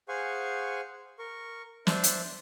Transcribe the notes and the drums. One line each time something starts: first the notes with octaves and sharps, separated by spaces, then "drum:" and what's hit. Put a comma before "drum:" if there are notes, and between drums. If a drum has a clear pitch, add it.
G#4 C5 F5 F#5 G#5 C#6
A#4 C#6
D4 C5 E5, drum: snare
drum: hi-hat